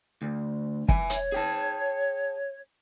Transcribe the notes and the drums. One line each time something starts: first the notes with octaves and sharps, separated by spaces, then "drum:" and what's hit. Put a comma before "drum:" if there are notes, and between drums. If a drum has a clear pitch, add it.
D2
E5 G#5, drum: kick
C#5, drum: hi-hat
G#4 G5 A5